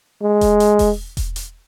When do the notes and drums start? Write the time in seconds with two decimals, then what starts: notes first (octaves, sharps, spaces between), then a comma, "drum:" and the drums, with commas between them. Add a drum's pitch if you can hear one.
0.22 G#3
0.41 drum: kick E1, hi-hat
0.60 drum: hi-hat
0.79 drum: kick E1, open hi-hat
1.17 drum: kick E1, hi-hat
1.36 drum: hi-hat